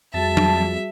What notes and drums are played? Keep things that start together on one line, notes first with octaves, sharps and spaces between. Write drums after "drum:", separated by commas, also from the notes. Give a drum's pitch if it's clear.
F2 G3 F#4 G#4 E5 A5
drum: tom F#3